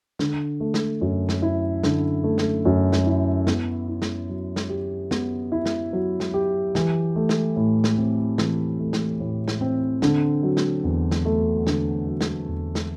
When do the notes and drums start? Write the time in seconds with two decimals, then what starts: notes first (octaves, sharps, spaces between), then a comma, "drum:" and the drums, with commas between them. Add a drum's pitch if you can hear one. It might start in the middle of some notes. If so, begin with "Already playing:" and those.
0.19 D3, drum: snare
0.60 A3
0.74 drum: snare
1.01 F#2
1.29 drum: snare
1.42 E4
1.83 D3, drum: snare
2.24 A3
2.38 drum: snare
2.65 F#2
2.92 drum: snare
3.06 E4
3.47 B3, drum: snare
3.88 E4
4.02 drum: snare
4.29 F#3
4.56 drum: snare
4.69 G4
5.11 B3, drum: snare
5.52 E4
5.65 drum: snare
5.93 F#3
6.20 drum: snare
6.34 G4
6.75 E3, drum: snare
7.16 A3
7.29 drum: snare
7.56 A2
7.84 drum: snare
7.98 C4
8.38 E3, drum: snare
8.80 A3
8.93 drum: snare
9.20 A2
9.48 drum: snare
9.61 C4
10.02 D3, drum: snare
10.43 F#3
10.57 drum: snare
10.84 E2
11.11 drum: snare
11.25 A3
11.67 D3, drum: snare
12.07 F#3
12.21 drum: snare
12.48 E2
12.75 drum: snare